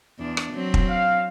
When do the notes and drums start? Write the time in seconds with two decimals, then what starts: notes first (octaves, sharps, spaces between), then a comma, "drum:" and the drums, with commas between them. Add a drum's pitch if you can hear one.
0.19 E2 D4
0.37 drum: rim click
0.53 F#3 C4
0.74 drum: kick
0.88 F5